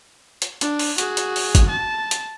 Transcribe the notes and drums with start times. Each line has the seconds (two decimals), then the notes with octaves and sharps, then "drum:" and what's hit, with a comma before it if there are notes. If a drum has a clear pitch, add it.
0.42 drum: hi-hat
0.61 D4, drum: hi-hat
0.79 drum: open hi-hat
0.98 F#4 G#4, drum: hi-hat
1.17 drum: hi-hat
1.36 drum: open hi-hat
1.55 drum: kick G1, hi-hat
1.69 A5
2.11 drum: hi-hat